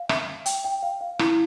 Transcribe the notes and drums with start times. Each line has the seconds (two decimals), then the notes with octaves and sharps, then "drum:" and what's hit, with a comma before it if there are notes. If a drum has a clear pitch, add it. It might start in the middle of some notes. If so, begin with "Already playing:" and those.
Already playing: F5
0.09 E5, drum: rim click
0.28 E5
0.46 G5, drum: hi-hat
0.64 G5
0.83 F5
1.01 F5
1.19 E4, drum: rim click